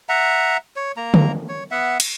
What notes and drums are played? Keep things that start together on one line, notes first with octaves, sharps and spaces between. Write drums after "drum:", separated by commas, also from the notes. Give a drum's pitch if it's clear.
E5 F#5 A#5
C#5
A#3 A#5
drum: tom D3
C#5
B3 E5 F#5
drum: cymbal